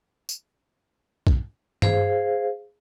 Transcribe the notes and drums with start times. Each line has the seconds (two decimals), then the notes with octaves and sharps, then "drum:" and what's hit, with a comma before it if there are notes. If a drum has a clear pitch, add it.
0.29 drum: tambourine
1.27 drum: kick
1.82 G#4 C5 F5, drum: tom G2